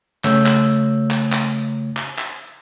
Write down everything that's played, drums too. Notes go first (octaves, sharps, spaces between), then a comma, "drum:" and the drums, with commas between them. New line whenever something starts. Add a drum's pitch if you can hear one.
C#3 A3 C#5 E6 G6, drum: clap
drum: clap
drum: clap
drum: clap
drum: clap
drum: clap